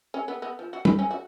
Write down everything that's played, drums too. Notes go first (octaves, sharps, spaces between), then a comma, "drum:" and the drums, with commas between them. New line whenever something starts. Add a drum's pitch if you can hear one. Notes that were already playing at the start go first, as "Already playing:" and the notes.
C#4
B3
B3
F3
F#4
B4, drum: tom
C#4
F#4